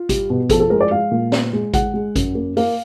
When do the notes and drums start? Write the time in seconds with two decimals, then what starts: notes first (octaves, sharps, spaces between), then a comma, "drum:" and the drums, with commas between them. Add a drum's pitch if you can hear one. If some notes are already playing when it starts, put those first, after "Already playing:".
Already playing: F4
0.09 G3, drum: kick G#1, hi-hat
0.30 B2
0.50 F3 A4, drum: kick G#1, hi-hat
0.60 A4
0.70 G#3 A#4
0.80 D5
0.91 G#3 F5
1.11 A#2
1.32 B3, drum: snare
1.53 G#3
1.74 G#3 F#5, drum: kick G#1, hi-hat
1.94 G#3
2.16 F#2, drum: kick G#1, hi-hat
2.35 A#3
2.57 A#3 F5, drum: open hi-hat